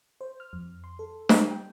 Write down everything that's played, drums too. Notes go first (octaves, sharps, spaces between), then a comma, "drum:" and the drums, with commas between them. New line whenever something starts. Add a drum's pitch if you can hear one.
C5
F6
F2
C6
A4
G3, drum: snare
G5